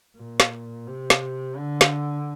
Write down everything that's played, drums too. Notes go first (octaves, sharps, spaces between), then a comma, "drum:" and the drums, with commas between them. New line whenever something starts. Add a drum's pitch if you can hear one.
A#2
drum: snare
C3
drum: snare
D3
drum: snare